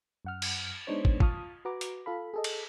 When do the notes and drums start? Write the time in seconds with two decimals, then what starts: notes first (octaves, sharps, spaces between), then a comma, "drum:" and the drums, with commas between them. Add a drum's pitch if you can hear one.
0.25 F#2 F#5 F6
0.42 drum: cymbal
0.87 G#3 B3 D4 D#4 C5 C#5
1.05 drum: kick
1.20 F4 A5 C#6 D#6 F6, drum: kick
1.65 F#4 B4 A#5 D6
1.81 drum: hi-hat
2.06 F4 A4 F5 B5
2.34 G#4 A4 D#5
2.44 drum: cymbal